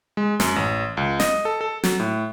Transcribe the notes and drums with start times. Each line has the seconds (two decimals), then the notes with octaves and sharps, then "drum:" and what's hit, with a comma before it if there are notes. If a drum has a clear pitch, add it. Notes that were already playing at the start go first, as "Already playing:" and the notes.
0.17 G#3
0.40 F#2, drum: snare
0.56 A1
0.97 C#2
1.20 D#5, drum: snare
1.45 A4
1.61 A4
1.83 F#3, drum: snare
2.00 A2